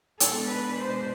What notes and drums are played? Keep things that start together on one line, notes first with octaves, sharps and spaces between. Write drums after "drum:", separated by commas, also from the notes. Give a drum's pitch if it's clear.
B2 G#3 D4 A4, drum: hi-hat
B4
C5